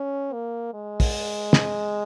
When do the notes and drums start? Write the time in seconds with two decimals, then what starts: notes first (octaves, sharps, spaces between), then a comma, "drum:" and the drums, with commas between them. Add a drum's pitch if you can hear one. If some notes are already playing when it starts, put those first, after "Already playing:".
Already playing: C#4
0.33 A#3
0.74 G#3
1.00 drum: kick, open hi-hat
1.53 drum: snare